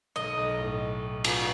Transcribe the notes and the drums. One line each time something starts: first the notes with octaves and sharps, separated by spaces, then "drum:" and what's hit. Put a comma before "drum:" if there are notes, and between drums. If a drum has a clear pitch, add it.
B1 D#5
B1
A2
drum: cymbal